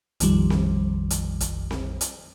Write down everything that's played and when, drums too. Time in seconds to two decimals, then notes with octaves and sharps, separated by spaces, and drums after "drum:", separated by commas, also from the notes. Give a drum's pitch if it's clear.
0.20 A#1 F2 D#3 F3 G3, drum: hi-hat
0.50 drum: snare C4
1.10 drum: hi-hat
1.40 drum: kick, hi-hat
1.71 drum: snare C4
2.01 drum: hi-hat